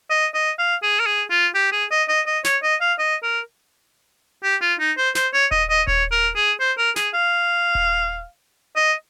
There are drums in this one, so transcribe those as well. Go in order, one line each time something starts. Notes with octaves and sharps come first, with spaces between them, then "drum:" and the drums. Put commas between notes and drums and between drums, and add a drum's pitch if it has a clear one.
D#5
D#5
F5
G#4
A#4
G#4
F4
G4
G#4
D#5
D#5
D#5
C#5, drum: snare
D#5
F5
D#5
A#4
G4
F4
D#4
C5
C5, drum: snare
C#5
D#5, drum: kick D#1
D#5
C#5, drum: kick D#1
A#4
G#4
C5
A#4
G#4, drum: snare
F5
drum: kick D#1
D#5